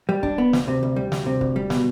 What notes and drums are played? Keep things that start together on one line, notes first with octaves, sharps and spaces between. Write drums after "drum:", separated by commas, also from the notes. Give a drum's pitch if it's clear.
G3
D4, drum: kick
B3
D2, drum: snare
C3
D2
G3
D2, drum: snare
C3
D2, drum: kick
G3
B2, drum: snare